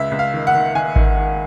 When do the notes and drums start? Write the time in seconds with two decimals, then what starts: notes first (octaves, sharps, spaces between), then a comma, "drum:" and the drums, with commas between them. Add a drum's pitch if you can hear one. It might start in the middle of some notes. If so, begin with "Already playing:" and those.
Already playing: C#2 E5
0.11 C#2
0.19 F5
0.34 D#3
0.47 F#5
0.55 D#3
0.75 D#3 G#5
0.96 D#3, drum: kick G#1
1.17 D#3